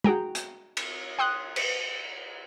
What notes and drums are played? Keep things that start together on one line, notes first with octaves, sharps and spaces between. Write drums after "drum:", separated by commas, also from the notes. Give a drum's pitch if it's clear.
F#4 G#4 G5 A#5, drum: tom
drum: hi-hat
drum: cymbal
G5 C6 D#6 F#6
drum: cymbal